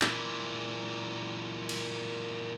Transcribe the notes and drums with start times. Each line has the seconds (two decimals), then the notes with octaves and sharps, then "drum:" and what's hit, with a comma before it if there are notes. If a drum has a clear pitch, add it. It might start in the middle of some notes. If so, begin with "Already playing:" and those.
0.02 A#2 E3, drum: clap
1.69 drum: cymbal